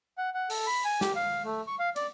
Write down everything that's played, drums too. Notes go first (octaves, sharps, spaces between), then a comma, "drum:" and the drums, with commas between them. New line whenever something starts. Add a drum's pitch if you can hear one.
F#5
F#5
A4, drum: open hi-hat
B5
G#5
G4, drum: snare
F5
A3
C#6
F5
D5, drum: hi-hat